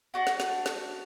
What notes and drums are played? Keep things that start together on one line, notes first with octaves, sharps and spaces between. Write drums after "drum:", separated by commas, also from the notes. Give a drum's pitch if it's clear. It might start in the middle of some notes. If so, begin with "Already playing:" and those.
D4 F#4 F#5
drum: snare
drum: snare
drum: snare